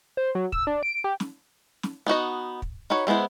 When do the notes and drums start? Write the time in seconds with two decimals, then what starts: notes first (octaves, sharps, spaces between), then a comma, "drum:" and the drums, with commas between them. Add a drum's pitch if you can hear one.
0.17 C5
0.35 F#3
0.52 E6, drum: kick
0.67 D4
0.83 D7
1.04 G4
1.20 drum: snare
1.83 drum: snare
2.07 B3 D#4 F#4 D#5
2.62 drum: kick
2.90 D#4 F#4 B4 C#5
3.07 G3 G#3 B3 E4 C5